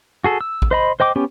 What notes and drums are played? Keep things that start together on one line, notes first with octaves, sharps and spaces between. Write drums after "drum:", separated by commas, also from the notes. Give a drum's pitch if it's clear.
F#4 G#4 A4
E6
drum: kick A1
C5 D#5 B5
C5 D#5 G5 D6
B3 C#4 G4